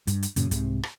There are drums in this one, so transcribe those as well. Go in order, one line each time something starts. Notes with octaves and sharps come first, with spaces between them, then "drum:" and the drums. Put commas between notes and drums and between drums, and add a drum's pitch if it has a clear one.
G2, drum: hi-hat
drum: hi-hat
F#2 A#2 C#3, drum: hi-hat
C2 G#2 C3, drum: hi-hat
drum: rim click